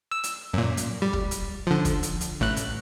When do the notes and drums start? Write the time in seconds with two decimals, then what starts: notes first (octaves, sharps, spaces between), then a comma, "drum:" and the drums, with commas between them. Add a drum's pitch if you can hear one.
0.11 E6
0.23 drum: hi-hat
0.54 F#2 A#2
0.77 drum: hi-hat
1.02 G3
1.13 drum: kick
1.31 drum: hi-hat
1.67 D3 F3
1.85 drum: kick, hi-hat
2.03 drum: hi-hat
2.21 drum: hi-hat
2.40 A1 A2 F#6
2.57 drum: hi-hat